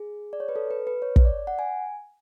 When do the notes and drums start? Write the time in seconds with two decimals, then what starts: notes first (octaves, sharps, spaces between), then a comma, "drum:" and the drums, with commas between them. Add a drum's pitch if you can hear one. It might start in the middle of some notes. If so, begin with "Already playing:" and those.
Already playing: G#4
0.33 D5
0.40 C#5
0.49 B4
0.56 A4
0.71 B4
0.87 B4
1.02 C#5
1.16 drum: kick
1.25 D5
1.47 F#5
1.59 G#5